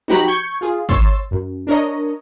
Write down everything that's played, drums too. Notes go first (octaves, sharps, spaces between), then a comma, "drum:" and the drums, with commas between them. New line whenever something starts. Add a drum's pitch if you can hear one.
D#4 F#4 G4 B4 A#5 B5, drum: tom F3
C#6 G6 G#6 C#7
F4 G#4
C#5 C6 E6 A6, drum: kick
F#2
D4 A#4 C#5 D#5